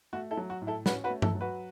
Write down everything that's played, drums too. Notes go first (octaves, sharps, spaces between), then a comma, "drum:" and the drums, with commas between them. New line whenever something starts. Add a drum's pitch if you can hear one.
A3 F#4
E4 A4
F#3
F#4
A2
E4 A4
C#4 F#4 B4, drum: snare
F#4 B4
A3
E4 A4, drum: tom G2
F#3
F#4 B4